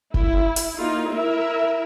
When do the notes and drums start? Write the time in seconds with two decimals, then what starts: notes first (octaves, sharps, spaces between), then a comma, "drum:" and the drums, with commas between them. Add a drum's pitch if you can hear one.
0.14 E4, drum: kick
0.56 drum: hi-hat
0.79 A#3 D#4 F4
1.11 E4 A#4 E5